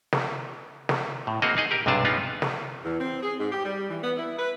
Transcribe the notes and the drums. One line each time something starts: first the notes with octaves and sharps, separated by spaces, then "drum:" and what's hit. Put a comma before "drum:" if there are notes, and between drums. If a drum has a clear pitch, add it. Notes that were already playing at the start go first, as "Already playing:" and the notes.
drum: snare
drum: snare
A2
A#3 C4 F#4 G#4 D#5 F5
D#4 G#4 D#5
G4 A#4
B1 G2 C3 D4 G#4 A5
B3 C#4 D#4 F4 G#4
drum: snare
E2
C4
G#4
G#2
G4
G3
E3
B3
E4
B4